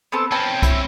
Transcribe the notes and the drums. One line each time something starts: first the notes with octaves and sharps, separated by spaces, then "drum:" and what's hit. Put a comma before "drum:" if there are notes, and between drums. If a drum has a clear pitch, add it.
B3 C4 A4
C4 C#4 B4 G5 A5
E4, drum: kick, hi-hat